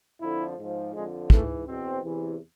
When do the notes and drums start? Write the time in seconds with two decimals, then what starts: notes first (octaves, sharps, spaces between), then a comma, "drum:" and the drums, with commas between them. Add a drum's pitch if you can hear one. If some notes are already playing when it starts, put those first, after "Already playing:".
0.19 F2 D3 F3 E4
0.57 G#2 F3
0.92 F2 D3 F3 G#3
1.30 G#2 E3 A3, drum: kick
1.66 E2 B2 C4
2.02 E2 C3 E3